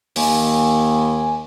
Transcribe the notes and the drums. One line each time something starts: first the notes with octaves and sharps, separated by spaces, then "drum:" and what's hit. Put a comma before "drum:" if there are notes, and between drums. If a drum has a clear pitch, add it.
D#2 G#5, drum: open hi-hat